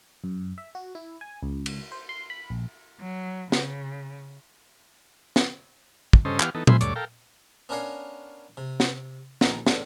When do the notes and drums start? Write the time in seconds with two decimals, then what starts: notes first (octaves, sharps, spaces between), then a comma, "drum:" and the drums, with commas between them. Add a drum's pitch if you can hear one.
0.24 F#2
0.58 E5
0.75 F#4
0.95 E4
1.21 G#5
1.43 C#2
1.66 drum: cymbal
1.92 C5
2.09 C6
2.30 B5
2.50 A#1
3.01 F#3
3.52 C#3, drum: snare
5.36 drum: snare
6.13 drum: kick
6.25 G2 C#3 C#4 A4 C5 D#5
6.40 E3 B3 G4 F5 F#5 F6, drum: clap
6.55 E3 B3 D#4 A4
6.67 F4 C5 E5 G#5 B5 C6, drum: tom A#2
6.81 D2 G2 A3 C#5 D5 D6, drum: hi-hat
6.96 A4 A#4 F5 G5
7.69 B3 C#4 D4 A#4 C#5 F5
8.57 C3
8.80 drum: snare
9.41 A#1 D#3 A#5, drum: snare
9.67 E2 A2 D3, drum: snare